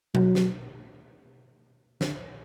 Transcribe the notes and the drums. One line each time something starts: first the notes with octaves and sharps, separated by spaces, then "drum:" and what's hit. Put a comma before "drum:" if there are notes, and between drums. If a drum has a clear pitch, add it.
F#3, drum: tom B2
drum: snare
D3, drum: snare